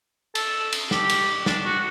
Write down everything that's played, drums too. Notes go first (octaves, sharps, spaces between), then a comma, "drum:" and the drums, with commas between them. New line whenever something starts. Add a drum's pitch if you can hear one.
A4, drum: cymbal
drum: cymbal
G4, drum: snare
drum: cymbal
D4, drum: snare
F#4